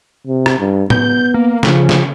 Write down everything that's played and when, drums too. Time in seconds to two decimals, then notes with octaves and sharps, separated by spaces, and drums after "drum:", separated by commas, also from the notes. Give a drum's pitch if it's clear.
0.27 C3
0.46 drum: rim click
0.59 G2
0.90 B3 G6, drum: tom A2
1.34 A#3
1.63 C#3 F3, drum: snare
1.89 drum: snare